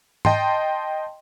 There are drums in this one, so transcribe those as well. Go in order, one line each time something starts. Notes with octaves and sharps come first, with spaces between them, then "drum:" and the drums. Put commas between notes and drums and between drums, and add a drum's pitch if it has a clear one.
D#5 G5 A5 C6, drum: tom G#2